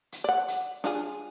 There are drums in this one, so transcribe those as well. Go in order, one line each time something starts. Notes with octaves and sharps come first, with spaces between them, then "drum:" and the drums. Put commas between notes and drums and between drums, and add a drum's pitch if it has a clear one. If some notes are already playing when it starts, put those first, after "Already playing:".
drum: hi-hat
D5 F#5
drum: hi-hat
D4 F4 G#4, drum: snare